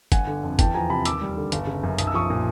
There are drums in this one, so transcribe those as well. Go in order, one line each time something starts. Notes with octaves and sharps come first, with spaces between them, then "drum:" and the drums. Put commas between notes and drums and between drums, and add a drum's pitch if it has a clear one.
G1 F#5 G#5, drum: kick, hi-hat
D3
F2
E2 G5 A5, drum: kick, hi-hat
F3 G#5 A#5
C3 A5 B5
D#2 D6 E6, drum: hi-hat
G3
D3
G1, drum: hi-hat
C#3
F#2
B1 D#6, drum: hi-hat
E6
F3 C#6 D#6
A#2